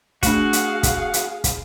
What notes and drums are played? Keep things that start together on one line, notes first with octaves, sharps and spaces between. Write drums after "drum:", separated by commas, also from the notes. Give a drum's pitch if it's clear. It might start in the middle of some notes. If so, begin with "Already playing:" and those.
A3 D4 F#4 G#4 F5, drum: kick, hi-hat
drum: hi-hat
drum: kick, hi-hat
drum: hi-hat
drum: kick, hi-hat